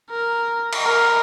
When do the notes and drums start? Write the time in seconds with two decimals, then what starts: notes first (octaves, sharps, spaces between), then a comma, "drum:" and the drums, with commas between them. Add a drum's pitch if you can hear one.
0.10 A#4
0.73 drum: cymbal
0.82 A#4